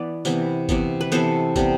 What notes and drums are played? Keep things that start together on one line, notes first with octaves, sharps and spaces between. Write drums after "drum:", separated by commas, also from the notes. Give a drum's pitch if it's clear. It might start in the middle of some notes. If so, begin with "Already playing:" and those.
Already playing: E3 B3 B4 D5
C3 E3 B3, drum: tambourine
C3 E3 B3, drum: kick, tambourine
B4
C3 E3 B3 A4 C5, drum: tambourine
C3 G3 B3, drum: kick, tambourine